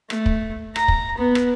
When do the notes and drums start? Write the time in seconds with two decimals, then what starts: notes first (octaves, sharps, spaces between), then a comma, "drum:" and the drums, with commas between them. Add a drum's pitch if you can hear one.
0.10 A3, drum: rim click
0.26 drum: kick
0.76 A#5, drum: rim click
0.88 drum: kick
1.18 B3
1.35 drum: rim click